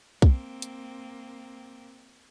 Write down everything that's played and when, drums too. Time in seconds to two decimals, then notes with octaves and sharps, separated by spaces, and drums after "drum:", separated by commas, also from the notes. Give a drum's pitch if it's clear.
0.22 A#3 C4, drum: kick B1
0.62 drum: hi-hat